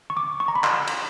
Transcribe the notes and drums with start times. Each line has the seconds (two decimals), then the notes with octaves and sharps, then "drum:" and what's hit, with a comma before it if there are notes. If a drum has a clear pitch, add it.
0.10 C#6
0.17 D6
0.40 C#6
0.48 A#5
0.55 B5
0.64 C6, drum: clap
0.87 drum: cymbal